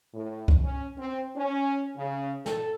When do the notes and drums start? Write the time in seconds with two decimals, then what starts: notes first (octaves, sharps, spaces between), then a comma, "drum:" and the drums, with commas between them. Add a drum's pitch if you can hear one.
0.14 A2
0.48 drum: kick C2
0.63 C#4
0.98 C4
1.35 C#4
1.97 C#3
2.46 A4, drum: snare